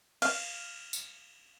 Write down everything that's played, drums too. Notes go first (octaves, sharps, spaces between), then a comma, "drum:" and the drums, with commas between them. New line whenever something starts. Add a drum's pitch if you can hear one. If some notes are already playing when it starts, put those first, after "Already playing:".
F5, drum: cymbal
drum: tambourine